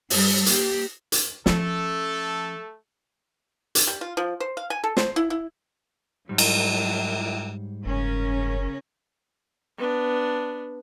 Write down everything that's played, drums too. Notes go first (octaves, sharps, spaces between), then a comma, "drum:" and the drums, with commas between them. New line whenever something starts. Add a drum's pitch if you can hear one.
G2 G3, drum: open hi-hat
A#3 G4, drum: hi-hat
drum: hi-hat
F3 A3 C#4 A4, drum: snare
drum: hi-hat
G3
F4
F3
C5
F5
G#5
A4
C5, drum: snare
E4
E4
G#2 F#3 G3
drum: cymbal
F#1 C#3 C#4 A#4
B3 D4